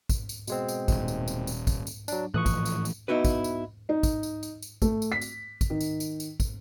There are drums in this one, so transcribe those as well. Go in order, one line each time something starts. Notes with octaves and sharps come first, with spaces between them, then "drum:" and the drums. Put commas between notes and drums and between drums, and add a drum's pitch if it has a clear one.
drum: kick, tambourine
drum: tambourine
B2 G#3 C4, drum: tambourine
drum: tambourine
D#1, drum: kick, tambourine
drum: tambourine
drum: tambourine
drum: tambourine
drum: kick, tambourine
drum: tambourine
F#3 D4, drum: tambourine
A2 E3 F3 C#6 D#6 F#6
drum: kick, tambourine
drum: tambourine
drum: tambourine
B3 D#4 E4 F#4 B4
drum: kick, tambourine
drum: tambourine
D#4
drum: kick, tambourine
drum: tambourine
drum: tambourine
drum: tambourine
A3, drum: kick, tambourine
drum: tambourine
B6
drum: tambourine
drum: kick, tambourine
D#3
drum: tambourine
drum: tambourine
drum: tambourine
drum: kick, tambourine